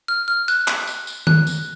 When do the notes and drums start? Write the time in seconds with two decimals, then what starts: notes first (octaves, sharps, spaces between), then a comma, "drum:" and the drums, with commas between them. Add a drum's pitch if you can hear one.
0.08 F6
0.28 F6
0.48 F#6, drum: tambourine
0.68 drum: clap
0.87 drum: tambourine
1.07 drum: tambourine
1.27 F#6, drum: tom D#3
1.47 drum: tambourine